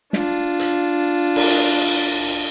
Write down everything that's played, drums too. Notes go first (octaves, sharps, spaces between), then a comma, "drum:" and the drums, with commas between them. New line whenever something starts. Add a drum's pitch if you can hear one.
D4 F4, drum: snare
drum: hi-hat
drum: cymbal